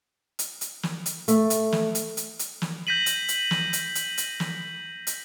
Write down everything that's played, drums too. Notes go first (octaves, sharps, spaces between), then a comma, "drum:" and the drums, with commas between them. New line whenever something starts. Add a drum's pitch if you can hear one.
drum: hi-hat
drum: hi-hat
drum: snare
drum: hi-hat
A3, drum: hi-hat
drum: hi-hat
drum: snare
drum: hi-hat
drum: hi-hat
drum: hi-hat
drum: snare
G6 A#6 B6 D#7 F#7
drum: hi-hat
drum: hi-hat
drum: snare
drum: hi-hat
drum: hi-hat
drum: hi-hat
drum: snare
drum: hi-hat